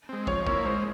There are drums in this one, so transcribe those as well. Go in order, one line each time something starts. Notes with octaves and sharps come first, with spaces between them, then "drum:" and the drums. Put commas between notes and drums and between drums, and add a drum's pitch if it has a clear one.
G#3 C4
F3 C#5, drum: kick
A#3 E4 C#5, drum: kick
G#3 C5